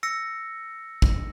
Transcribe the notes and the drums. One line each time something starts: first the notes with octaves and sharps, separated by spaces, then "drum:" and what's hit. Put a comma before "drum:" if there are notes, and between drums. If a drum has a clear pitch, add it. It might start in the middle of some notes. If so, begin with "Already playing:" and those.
E6 A#6 C#7
drum: kick